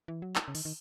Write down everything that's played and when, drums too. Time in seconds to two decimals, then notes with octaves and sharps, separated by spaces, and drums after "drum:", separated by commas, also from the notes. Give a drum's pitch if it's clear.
0.08 E3
0.22 F#3
0.36 drum: clap
0.48 C#3
0.55 D#3, drum: open hi-hat
0.65 D#3